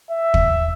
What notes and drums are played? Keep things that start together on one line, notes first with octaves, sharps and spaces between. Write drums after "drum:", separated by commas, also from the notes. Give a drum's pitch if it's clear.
E5
drum: kick